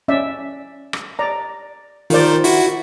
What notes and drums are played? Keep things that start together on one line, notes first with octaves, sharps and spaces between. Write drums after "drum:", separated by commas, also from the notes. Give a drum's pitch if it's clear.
C#4 D5 E5
drum: rim click
D5 A#5
D#3 F4 A#4 C5 D5, drum: open hi-hat
E4 F#4, drum: open hi-hat